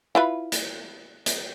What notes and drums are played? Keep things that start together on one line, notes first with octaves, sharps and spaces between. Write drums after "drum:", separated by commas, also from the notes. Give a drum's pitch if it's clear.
E4 F4 B4
drum: hi-hat
drum: hi-hat